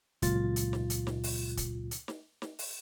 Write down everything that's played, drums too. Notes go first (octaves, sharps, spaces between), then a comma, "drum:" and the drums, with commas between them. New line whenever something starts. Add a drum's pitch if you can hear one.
C#2 A#2 F#3 F4 A6, drum: kick, hi-hat
drum: hi-hat
drum: snare
drum: hi-hat
drum: snare
drum: open hi-hat
drum: kick, hi-hat
drum: hi-hat
drum: snare
drum: snare
drum: open hi-hat